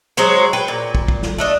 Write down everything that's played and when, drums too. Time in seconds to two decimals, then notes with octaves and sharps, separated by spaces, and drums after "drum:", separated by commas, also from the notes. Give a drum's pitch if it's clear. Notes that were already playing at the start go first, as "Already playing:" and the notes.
0.17 F#3 G#3 C5 C#5
0.53 B4 G5
0.68 A#2
0.95 drum: kick
1.08 drum: kick
1.22 drum: snare
1.38 A3 D4 D#5